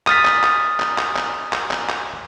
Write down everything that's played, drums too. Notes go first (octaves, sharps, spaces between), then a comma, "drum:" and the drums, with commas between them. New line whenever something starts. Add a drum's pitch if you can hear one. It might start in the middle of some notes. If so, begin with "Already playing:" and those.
D#6 F6 A6 B6, drum: clap
drum: clap
drum: clap
drum: clap
drum: clap
drum: clap
drum: clap
drum: clap
drum: clap